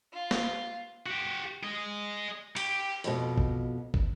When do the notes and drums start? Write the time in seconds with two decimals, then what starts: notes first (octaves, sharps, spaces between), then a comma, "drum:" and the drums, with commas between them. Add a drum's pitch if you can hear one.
0.12 F4
0.31 drum: snare
1.06 F#4 G4
1.63 G#4 D#5
2.56 G4, drum: cymbal
3.04 F2 B2, drum: hi-hat
3.38 drum: kick
3.94 drum: kick